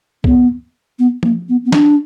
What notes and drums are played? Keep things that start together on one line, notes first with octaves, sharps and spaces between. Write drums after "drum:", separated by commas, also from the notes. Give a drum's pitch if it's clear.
B3, drum: kick C2
B3
A#3, drum: tom F3
B3
B3
D4, drum: snare